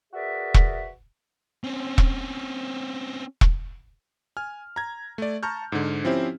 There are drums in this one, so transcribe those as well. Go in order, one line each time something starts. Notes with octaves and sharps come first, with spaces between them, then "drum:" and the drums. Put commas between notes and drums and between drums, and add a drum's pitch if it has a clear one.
F#4 G#4 A#4 B4 D5 E5
drum: kick E1
C4 C#4
drum: kick E1
drum: kick E1
G#5 F6
A#5 G#6
A3 D5
A5 A#5 C#6 F6 G6
G#2 D3
F3 C4 C#4 E4 G4 C5